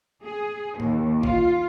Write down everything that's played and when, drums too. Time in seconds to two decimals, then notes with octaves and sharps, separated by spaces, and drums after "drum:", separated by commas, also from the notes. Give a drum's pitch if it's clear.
0.24 G#4
0.80 D#2, drum: tom
1.23 F4, drum: kick A1